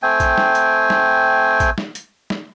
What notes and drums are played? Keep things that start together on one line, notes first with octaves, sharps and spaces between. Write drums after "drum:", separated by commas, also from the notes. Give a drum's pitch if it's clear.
A3 C4 G5 G#5
drum: kick A#1, hi-hat
drum: snare
drum: hi-hat
drum: snare
drum: kick A#1, hi-hat
drum: snare
drum: hi-hat
drum: snare